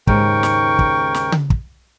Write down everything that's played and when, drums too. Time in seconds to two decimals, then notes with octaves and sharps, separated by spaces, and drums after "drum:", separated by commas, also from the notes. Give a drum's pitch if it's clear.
0.07 D#2 G#2 C#3 A#4 G5 C#6, drum: kick
0.43 drum: snare
0.79 drum: kick
1.14 drum: snare
1.32 drum: tom C#3
1.50 drum: kick